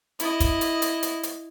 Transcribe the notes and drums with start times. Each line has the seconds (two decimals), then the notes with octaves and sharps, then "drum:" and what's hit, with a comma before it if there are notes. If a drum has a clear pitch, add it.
0.20 E4 D#5, drum: hi-hat
0.40 drum: kick, hi-hat
0.61 drum: hi-hat
0.82 drum: hi-hat
1.03 drum: hi-hat
1.23 drum: hi-hat